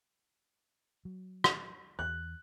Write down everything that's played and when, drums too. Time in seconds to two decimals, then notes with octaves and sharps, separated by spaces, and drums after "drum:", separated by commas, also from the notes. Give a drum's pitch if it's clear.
1.05 F#3
1.44 drum: rim click
1.99 E2 F#6